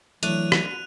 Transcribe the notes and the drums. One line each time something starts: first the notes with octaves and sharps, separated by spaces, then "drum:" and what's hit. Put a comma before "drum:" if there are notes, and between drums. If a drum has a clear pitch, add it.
E3 F#3 A3 D4 F#6 D#7 F7, drum: hi-hat
drum: rim click